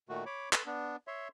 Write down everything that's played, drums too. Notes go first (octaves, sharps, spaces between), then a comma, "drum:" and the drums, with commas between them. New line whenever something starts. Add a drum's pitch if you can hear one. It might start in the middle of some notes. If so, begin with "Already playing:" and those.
A#2 D#3 A3 F#4
C#5 B5 D6
A4 B4 C6, drum: clap
B3 D4
C#5 E5 C6